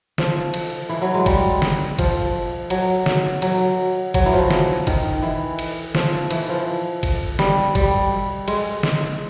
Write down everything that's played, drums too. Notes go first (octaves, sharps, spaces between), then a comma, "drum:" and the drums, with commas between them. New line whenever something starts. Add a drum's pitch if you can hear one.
F3, drum: snare
drum: cymbal
E3
F#3
G#3
G3, drum: kick, cymbal
drum: snare
F3, drum: kick, cymbal
F#3, drum: cymbal
drum: snare
F#3, drum: cymbal
F#3, drum: kick, cymbal
E3
F3
drum: snare
D#3, drum: kick, cymbal
E3
drum: cymbal
F3, drum: snare
E3, drum: cymbal
F3
drum: kick, cymbal
G3, drum: snare
G3, drum: kick, cymbal
G#3, drum: cymbal
drum: snare